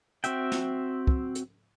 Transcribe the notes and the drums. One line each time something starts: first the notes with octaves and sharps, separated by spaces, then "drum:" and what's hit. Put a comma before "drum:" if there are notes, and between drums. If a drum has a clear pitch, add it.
C4 F#4 E5 G5, drum: hi-hat
drum: snare
drum: kick
drum: hi-hat